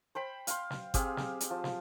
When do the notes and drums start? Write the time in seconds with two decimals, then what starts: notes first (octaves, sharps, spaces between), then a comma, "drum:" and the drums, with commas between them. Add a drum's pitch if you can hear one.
0.15 C5 G5 B5
0.47 F5 C6, drum: hi-hat
0.70 drum: snare
0.94 C4 G4 G#4 F5, drum: kick G1, hi-hat
1.17 drum: snare
1.41 drum: hi-hat
1.50 F3
1.64 drum: snare